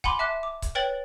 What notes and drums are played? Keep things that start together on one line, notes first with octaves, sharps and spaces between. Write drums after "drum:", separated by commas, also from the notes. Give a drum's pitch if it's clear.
F#5 G#5 B5 C6 D6, drum: kick C#1
E5 A5 D6 F#6
D6
drum: kick C#1, hi-hat
B4 C#5 G5 A6 F#7